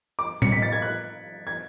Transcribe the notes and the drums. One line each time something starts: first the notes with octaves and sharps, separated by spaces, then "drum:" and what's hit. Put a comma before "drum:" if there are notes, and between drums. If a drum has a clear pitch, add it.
D6
C#7, drum: tom A2
B6
A6
G#6
F#6
G#6